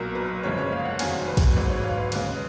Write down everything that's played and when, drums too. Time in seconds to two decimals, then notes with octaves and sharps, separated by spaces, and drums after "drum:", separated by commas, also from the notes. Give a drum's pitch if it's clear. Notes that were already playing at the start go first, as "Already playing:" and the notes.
Already playing: B1 A#2 F#3 A#4
0.15 B4
0.43 F#1 F2 C#3 G#3 C#5
0.58 C#5
0.72 F5
0.85 F#5
0.99 F1 F2 D#3 F#3 G#5, drum: cymbal
1.27 B4
1.37 drum: kick, cymbal
1.56 G#1 G#2 F#3 B4
1.69 C#5
1.84 F5
1.97 B4
2.12 D#2 C#3 G#3 B4, drum: cymbal